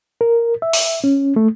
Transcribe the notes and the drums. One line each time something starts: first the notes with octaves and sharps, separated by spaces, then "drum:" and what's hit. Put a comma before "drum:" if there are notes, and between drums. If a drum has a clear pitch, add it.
A#4
E5
drum: open hi-hat
C#4
A3